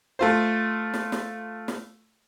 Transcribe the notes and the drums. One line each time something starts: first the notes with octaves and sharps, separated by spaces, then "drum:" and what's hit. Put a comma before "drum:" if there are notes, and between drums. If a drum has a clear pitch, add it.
A3 F4 C5
drum: snare
drum: snare
drum: snare